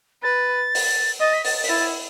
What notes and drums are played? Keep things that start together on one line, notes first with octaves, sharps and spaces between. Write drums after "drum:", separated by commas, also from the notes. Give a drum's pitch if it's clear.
B4 A6
drum: open hi-hat
D#5 A6
B6
A6, drum: open hi-hat
A6
B6, drum: open hi-hat
E4 A6